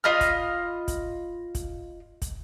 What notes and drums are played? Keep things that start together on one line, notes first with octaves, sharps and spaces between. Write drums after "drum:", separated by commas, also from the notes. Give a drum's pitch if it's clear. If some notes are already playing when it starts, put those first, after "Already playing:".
F4 D#5 B5 F6
drum: kick, hi-hat
drum: kick, hi-hat
drum: kick, hi-hat
drum: kick, hi-hat